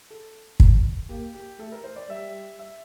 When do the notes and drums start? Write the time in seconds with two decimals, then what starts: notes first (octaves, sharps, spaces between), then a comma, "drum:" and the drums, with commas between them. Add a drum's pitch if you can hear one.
0.10 A4
0.60 drum: kick
1.09 A#3 G4
1.34 G4
1.59 A3 A4
1.72 A#4
1.84 C5
1.96 D5
2.09 G3 E5
2.59 E5